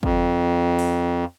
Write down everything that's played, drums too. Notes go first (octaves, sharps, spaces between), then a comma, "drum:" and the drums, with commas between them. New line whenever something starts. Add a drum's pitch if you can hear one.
F2, drum: kick
drum: open hi-hat